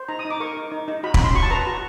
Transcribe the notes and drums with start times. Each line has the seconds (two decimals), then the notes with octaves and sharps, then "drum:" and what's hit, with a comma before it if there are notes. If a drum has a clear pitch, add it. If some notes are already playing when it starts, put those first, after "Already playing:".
Already playing: C5
0.08 D#4 A#5
0.19 D#6
0.25 D#4
0.30 D6
0.40 A#4 C#6
0.57 D#4
0.72 D#4
0.88 D#4
1.03 F#4 B5
1.14 B5, drum: kick
1.19 C#4 C6
1.35 F#4 C#6
1.43 A5
1.50 B4 A#5
1.67 F#4